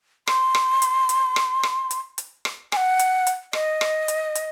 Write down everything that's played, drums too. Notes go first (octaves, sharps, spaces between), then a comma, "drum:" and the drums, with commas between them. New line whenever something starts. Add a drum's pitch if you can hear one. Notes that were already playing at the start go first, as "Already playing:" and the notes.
C6, drum: rim click
drum: rim click
drum: hi-hat
drum: hi-hat
drum: rim click
drum: rim click
drum: hi-hat
drum: hi-hat
drum: rim click
G#5, drum: rim click
F#5
drum: hi-hat
drum: hi-hat
D#5, drum: rim click
drum: rim click
drum: hi-hat
drum: hi-hat